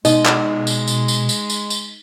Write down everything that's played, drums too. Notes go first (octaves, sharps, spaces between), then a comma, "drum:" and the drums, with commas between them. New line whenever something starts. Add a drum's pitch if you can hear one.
B2 G#3 D#4 D#5, drum: tambourine
drum: clap
drum: tambourine
drum: tambourine
drum: tambourine
drum: tambourine
drum: tambourine
drum: tambourine